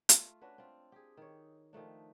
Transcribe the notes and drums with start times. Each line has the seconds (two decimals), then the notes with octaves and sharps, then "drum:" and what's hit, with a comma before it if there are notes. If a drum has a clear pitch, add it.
0.09 A3 F4, drum: hi-hat
0.41 C#4 D4 F#4 B4
0.58 C4 F4
0.92 G4 G#4
1.17 D#3 C#5
1.73 D#3 F3 A3 D4